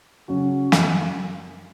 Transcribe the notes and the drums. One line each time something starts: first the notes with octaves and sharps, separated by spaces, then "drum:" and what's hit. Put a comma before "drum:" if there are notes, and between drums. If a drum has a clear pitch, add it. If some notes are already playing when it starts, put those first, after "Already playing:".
C#3 F#3 C#4 F#4
F#2, drum: snare